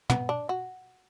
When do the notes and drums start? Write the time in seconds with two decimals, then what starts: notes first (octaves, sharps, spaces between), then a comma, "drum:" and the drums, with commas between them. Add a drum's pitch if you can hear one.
0.10 B3, drum: tom
0.29 D4
0.49 F#4